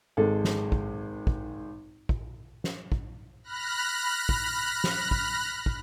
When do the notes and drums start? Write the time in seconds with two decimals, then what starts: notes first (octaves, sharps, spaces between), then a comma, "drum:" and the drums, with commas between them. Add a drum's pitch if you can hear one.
0.17 G#1 G#3 A4
0.45 drum: snare
0.72 drum: kick
1.27 drum: kick
2.09 drum: kick
2.64 drum: snare
2.92 drum: kick
3.43 B5 F6 F#6 A#6
4.29 drum: kick
4.84 drum: snare
5.11 drum: kick
5.66 drum: kick